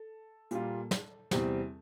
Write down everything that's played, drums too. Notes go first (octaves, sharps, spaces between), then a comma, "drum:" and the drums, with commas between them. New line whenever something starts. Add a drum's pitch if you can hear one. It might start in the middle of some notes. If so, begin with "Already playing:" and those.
Already playing: A4
A#2 G3 A#3 F4, drum: hi-hat
drum: snare
E2 C3 G3 C4, drum: snare